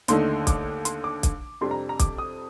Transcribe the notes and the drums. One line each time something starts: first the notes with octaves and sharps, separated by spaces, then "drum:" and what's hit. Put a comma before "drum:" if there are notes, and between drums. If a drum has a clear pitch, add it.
D#2 D3 A3 D#4 C6, drum: hi-hat
D6, drum: kick, hi-hat
C6, drum: hi-hat
D6
drum: kick, hi-hat
F2 C3 G3 D4 C6
A#5
A#5
D6, drum: kick, hi-hat
D#6